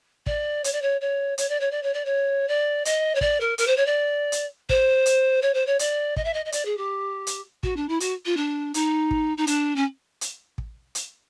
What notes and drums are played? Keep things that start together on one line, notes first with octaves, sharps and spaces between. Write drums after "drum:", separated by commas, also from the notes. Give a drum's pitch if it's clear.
D5, drum: kick
C#5, drum: hi-hat
D5
C#5
C#5
C#5, drum: hi-hat
D5
C#5
D5
C#5
D5
C#5
D5
D#5, drum: hi-hat
C#5
D5, drum: kick
A#4
A#4, drum: hi-hat
C5
C#5
D5
drum: hi-hat
C5, drum: kick
drum: hi-hat
C#5
C5
C#5
D5, drum: hi-hat
D#5, drum: kick
E5
D#5
D#5
D5, drum: hi-hat
G#4
G4
drum: hi-hat
F#4, drum: kick
D4
E4
F#4, drum: hi-hat
F4
D4
D#4, drum: hi-hat
drum: kick
D#4
D4, drum: hi-hat
C#4
drum: hi-hat
drum: kick
drum: hi-hat